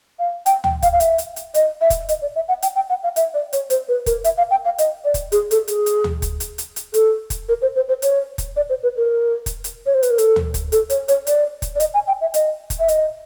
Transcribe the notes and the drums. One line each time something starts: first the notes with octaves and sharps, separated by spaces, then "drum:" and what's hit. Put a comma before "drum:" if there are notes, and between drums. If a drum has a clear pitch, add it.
F5
G5, drum: hi-hat
G5, drum: tom D2
F5, drum: kick, hi-hat
F5
E5, drum: hi-hat
drum: hi-hat
drum: hi-hat
D#5, drum: hi-hat
E5
drum: kick, hi-hat
D#5, drum: hi-hat
D5
E5
F#5
G5, drum: hi-hat
G5
F#5
F5
E5, drum: hi-hat
D5
C#5, drum: hi-hat
C5, drum: hi-hat
B4
A#4, drum: kick, hi-hat
E5, drum: hi-hat
F5
G5
F5
D#5, drum: hi-hat
D5
drum: kick, hi-hat
G#4, drum: hi-hat
A4, drum: hi-hat
G#4, drum: hi-hat
drum: hi-hat
drum: tom D2
drum: kick, hi-hat
drum: hi-hat
drum: hi-hat
drum: hi-hat
A4, drum: hi-hat
drum: kick, hi-hat
A#4
C5
C5
C5
C#5, drum: hi-hat
drum: kick, hi-hat
D5
C5
B4
A#4
drum: kick, hi-hat
drum: hi-hat
C#5
C5
B4, drum: hi-hat
A#4
A4, drum: hi-hat
drum: tom D2
drum: kick, hi-hat
A4, drum: hi-hat
C#5, drum: hi-hat
C#5, drum: hi-hat
D5, drum: hi-hat
drum: kick, hi-hat
D5
D#5, drum: hi-hat
G#5
G5
E5
D#5, drum: hi-hat
drum: kick, hi-hat
E5
D#5, drum: hi-hat